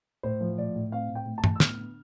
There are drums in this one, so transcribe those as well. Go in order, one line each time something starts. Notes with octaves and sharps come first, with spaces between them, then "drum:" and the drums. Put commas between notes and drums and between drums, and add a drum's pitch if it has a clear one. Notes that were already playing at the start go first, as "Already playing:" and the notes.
A2 C5
F3
A2 D5
A2
C4 F5
A2
G5
A2
A5
A2, drum: tom G2
E6
B3 F6, drum: snare
D3